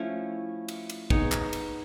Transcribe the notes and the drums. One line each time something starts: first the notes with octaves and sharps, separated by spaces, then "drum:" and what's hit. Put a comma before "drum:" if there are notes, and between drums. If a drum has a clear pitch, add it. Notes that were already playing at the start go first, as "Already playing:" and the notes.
Already playing: F3 A3 C#4 E4
drum: cymbal
drum: cymbal
B3 D#4 G#4 C#5, drum: kick
drum: clap
drum: cymbal